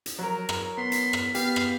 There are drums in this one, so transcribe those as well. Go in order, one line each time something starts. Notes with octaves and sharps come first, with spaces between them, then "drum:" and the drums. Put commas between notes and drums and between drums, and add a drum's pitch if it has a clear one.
drum: hi-hat
F#3 A#4 A#5
drum: rim click
B3 C6 B6
drum: hi-hat
drum: rim click
B3 G4 F5, drum: hi-hat
drum: rim click